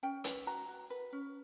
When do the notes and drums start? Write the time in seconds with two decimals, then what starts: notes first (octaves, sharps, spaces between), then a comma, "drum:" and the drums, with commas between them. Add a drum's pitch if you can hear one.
0.03 C#4 G5
0.24 B4, drum: hi-hat
0.47 F#4 A#5
0.68 F#4
0.90 B4
1.12 C#4